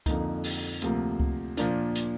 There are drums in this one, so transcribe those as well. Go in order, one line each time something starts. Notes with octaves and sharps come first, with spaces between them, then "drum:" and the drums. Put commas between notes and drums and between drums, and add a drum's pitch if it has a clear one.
F2 D3 F3 A#3 D#4, drum: kick C#2, hi-hat
drum: open hi-hat
D2 C3 F3 A#3, drum: hi-hat
drum: kick C#2
A#2 F3 A#3 D4, drum: hi-hat
drum: hi-hat